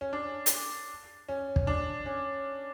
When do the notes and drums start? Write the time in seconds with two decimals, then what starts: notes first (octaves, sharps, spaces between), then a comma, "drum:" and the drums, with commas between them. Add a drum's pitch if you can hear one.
0.01 C#4
0.13 D4
0.46 drum: hi-hat
1.28 C#4
1.56 drum: kick
1.67 D4
2.06 C#4